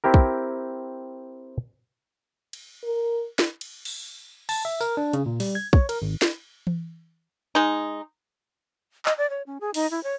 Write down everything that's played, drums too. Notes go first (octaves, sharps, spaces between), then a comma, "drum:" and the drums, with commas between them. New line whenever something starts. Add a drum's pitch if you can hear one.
C4 E4 G4 A#4
drum: kick
drum: cymbal
A#4
drum: snare
drum: cymbal
drum: cymbal
A5, drum: cymbal
E5
A#4, drum: tambourine
D4
C#3, drum: hi-hat
A#2
G3, drum: open hi-hat
G#6
C#5, drum: kick
A#4, drum: cymbal
G#1
drum: snare
drum: tom E3
G#3 D#4
D#5, drum: clap
D5
C#5
C#4
G#4
D#4, drum: open hi-hat
E4
C#5